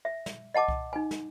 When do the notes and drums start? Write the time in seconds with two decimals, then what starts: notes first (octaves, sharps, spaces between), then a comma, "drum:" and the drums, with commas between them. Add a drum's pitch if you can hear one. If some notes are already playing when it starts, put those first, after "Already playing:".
0.05 E5
0.26 drum: snare
0.54 D#5 F#5 A5 D6
0.68 drum: kick C2
0.93 D#4 G#5
1.11 drum: snare